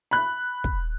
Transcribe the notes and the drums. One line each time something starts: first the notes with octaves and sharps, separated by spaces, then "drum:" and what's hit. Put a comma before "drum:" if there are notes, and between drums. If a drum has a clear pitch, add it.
B5 F#6
drum: kick